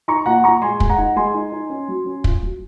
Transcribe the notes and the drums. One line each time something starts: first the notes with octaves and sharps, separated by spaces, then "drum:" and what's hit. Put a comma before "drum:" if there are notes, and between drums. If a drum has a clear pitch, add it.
D#4 A#5 C#6
A#2 F#5 A#5
A#2 A#5 C#6
G#3 G#5 C6
G#3, drum: kick
F#5 A#5
D#4
G#3 G#5 C6
D#4
D#4
C#4
F#3
C#4
F4, drum: kick
F#3